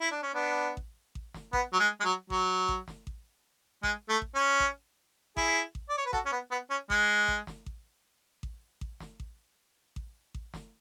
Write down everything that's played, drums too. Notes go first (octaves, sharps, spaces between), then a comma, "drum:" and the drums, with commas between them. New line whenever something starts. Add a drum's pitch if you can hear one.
E4
D4
C#4
B3 D4
drum: kick A1
drum: kick A1
drum: snare
B3, drum: kick A1
F#3
G#3
G#3
F#3
F#3, drum: kick A1
drum: kick A1
drum: snare
drum: kick A1
G#3, drum: kick A1
A3
drum: kick A1
C#4
drum: kick A1
E4 G#4, drum: kick A1
drum: kick A1
D5
C#5
B4
F#4 A4, drum: kick A1
C#4
B3
B3
C#4
G#3, drum: kick A1
drum: kick A1
drum: snare
drum: kick A1
drum: kick A1
drum: kick A1
drum: snare
drum: kick A1
drum: kick A1
drum: kick A1
drum: snare